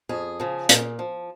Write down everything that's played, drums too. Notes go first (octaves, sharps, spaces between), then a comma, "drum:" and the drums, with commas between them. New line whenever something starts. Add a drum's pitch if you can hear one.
F2 G#4
C#3 F3
A#2, drum: hi-hat
F3